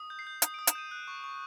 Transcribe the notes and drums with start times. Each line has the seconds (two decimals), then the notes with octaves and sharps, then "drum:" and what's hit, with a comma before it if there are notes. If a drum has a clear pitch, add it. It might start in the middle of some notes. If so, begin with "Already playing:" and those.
Already playing: D#6
0.10 G6
0.19 C7
0.27 G6
0.42 D#6, drum: hi-hat
0.54 D7
0.59 D#6
0.67 E7, drum: hi-hat
0.75 G6 D#7
0.91 F#6
1.08 C#6
1.24 C#6